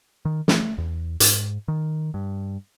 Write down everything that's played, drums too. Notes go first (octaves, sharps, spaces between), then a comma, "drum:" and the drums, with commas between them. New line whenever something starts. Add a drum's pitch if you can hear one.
D#3
A3, drum: snare
E2
G#2, drum: hi-hat
D#3
G2